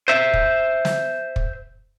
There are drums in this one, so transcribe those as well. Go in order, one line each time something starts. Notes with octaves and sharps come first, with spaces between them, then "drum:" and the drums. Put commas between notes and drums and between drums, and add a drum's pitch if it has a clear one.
C5 E5
drum: kick
drum: snare
drum: kick